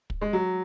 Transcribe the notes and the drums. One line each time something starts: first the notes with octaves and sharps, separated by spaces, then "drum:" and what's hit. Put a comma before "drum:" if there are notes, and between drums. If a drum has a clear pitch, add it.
drum: kick
G#3
F#3